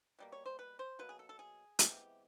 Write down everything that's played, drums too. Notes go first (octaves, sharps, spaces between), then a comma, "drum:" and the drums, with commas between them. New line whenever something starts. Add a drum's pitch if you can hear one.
B2 G3 A#3
C#5
C5
B4
C5
B2 F#3 A#3 B4
G#4
A4
A4
G#4
C3 E3 G#3 B3 G4, drum: hi-hat